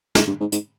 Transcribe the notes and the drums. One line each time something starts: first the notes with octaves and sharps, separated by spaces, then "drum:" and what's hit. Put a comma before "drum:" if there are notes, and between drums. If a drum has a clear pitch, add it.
G2, drum: snare
G2
G#2
G#2, drum: hi-hat